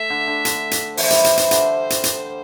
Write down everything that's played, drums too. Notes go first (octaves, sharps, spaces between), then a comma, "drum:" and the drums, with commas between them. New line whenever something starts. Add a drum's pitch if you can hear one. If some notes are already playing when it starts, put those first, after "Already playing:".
Already playing: A3 E5
D3
D3
D3, drum: hi-hat
drum: hi-hat
E3 C5, drum: open hi-hat
G3, drum: hi-hat
G3, drum: hi-hat
E3, drum: hi-hat
D3, drum: hi-hat
drum: hi-hat
drum: hi-hat